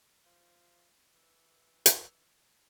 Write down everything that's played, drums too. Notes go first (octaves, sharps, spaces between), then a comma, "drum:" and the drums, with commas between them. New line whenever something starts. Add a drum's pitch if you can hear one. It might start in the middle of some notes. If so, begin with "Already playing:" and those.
F3
E3
drum: hi-hat